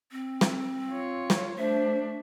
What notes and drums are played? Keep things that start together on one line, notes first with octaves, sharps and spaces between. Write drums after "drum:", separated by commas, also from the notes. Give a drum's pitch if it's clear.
C4
drum: snare
F4 C#5
drum: snare
A3 D4 C5 E5